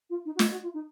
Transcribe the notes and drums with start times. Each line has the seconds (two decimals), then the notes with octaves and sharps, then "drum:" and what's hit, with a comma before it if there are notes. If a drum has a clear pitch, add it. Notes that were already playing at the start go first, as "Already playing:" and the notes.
0.09 F4
0.25 D#4
0.35 F#4
0.39 F4, drum: snare
0.51 F#4
0.62 F4
0.73 D#4